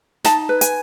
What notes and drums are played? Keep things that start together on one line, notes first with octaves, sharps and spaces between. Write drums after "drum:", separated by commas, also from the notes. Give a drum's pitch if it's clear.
D#4 A5, drum: snare
B4
G#5, drum: hi-hat